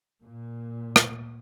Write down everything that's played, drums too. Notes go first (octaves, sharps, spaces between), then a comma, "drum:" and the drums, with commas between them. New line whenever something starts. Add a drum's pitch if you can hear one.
A#2
drum: rim click